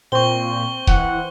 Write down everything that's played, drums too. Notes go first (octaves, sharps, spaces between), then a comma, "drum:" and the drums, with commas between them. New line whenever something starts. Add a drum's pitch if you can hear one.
A#2 C4 C5 C#6 G7
E3 F#5, drum: kick D#1